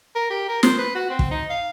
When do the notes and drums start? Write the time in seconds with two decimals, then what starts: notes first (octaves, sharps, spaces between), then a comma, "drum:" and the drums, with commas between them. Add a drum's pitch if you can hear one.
0.15 A#4
0.30 G4
0.48 A#4
0.63 C5, drum: snare
0.78 B4
0.95 F#4
1.10 C4
1.19 drum: kick
1.31 D#4
1.49 F5